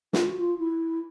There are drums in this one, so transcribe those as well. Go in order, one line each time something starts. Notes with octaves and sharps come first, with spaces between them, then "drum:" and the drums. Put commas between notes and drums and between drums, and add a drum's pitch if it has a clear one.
F4, drum: snare
F#4
F4
E4